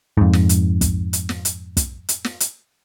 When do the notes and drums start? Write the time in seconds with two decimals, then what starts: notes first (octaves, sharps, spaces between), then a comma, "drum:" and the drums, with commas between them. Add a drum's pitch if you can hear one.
0.17 F2 G#2
0.33 drum: snare
0.49 drum: hi-hat
0.81 drum: kick, hi-hat
1.13 drum: hi-hat
1.29 drum: snare
1.45 drum: hi-hat
1.77 drum: kick, hi-hat
2.09 drum: hi-hat
2.24 drum: snare
2.40 drum: hi-hat